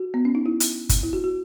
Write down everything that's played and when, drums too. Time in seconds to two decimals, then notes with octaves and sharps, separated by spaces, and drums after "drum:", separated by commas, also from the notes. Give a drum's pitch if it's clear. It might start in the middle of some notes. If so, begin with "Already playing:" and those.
Already playing: F#4
0.14 B3
0.25 C#4
0.35 D#4
0.46 E4
0.60 drum: hi-hat
0.89 drum: kick, hi-hat
1.03 E4
1.13 F#4
1.24 F#4